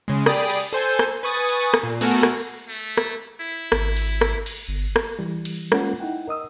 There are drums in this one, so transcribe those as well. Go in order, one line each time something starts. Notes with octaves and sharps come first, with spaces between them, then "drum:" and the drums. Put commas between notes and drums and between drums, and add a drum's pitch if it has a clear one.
C#3 G#3
G4 G#4 D5 B5 D#6, drum: rim click
drum: cymbal
A4 C5 G#5 G6
drum: rim click
B4 G#5 C#6 D#6 A6
drum: cymbal
drum: rim click
A#2
A3 B3 F#4 A4 A#4 G#5, drum: cymbal
drum: rim click
A3
drum: rim click
E4
G#1, drum: rim click
drum: cymbal
drum: rim click
drum: cymbal
G1
drum: rim click
E3 G3
drum: cymbal
G#3 A#3 C#4 F4 B4 F#5, drum: rim click
D#4 E4 F#5 G5
A#4 D#5 D#6 E6